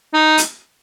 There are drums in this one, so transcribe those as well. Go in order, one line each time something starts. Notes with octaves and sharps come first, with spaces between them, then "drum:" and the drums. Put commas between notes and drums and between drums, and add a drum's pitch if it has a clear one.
D#4
drum: hi-hat